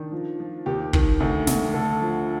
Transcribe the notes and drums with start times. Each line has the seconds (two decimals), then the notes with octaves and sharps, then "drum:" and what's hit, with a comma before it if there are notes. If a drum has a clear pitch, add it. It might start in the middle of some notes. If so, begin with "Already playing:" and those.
Already playing: D#3 D4
0.12 F3
0.40 F3
0.66 D#2 G4
0.93 D#3, drum: kick
1.20 D2
1.47 D2, drum: snare
1.74 D3 A4
2.01 F3